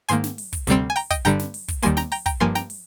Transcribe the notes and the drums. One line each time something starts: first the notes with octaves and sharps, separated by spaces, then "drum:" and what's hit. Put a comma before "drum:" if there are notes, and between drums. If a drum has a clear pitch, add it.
G#2 D#3 A#3 G#5 C6, drum: hi-hat
drum: snare
drum: open hi-hat
drum: kick, hi-hat
D2 C3 G3 C4, drum: hi-hat
G#5
G5 A#5, drum: open hi-hat
D#5 G5, drum: kick, hi-hat
G2 D3 G3 G5 A#5, drum: hi-hat
drum: snare
drum: open hi-hat
drum: kick, hi-hat
D#2 D#3 G3 A#3 G#5 C6, drum: hi-hat
G5 A#5, drum: snare
G5 A#5, drum: open hi-hat
G5 A#5, drum: kick, hi-hat
G2 F3 A#3 G#5 C6
G5 A#5, drum: snare
drum: open hi-hat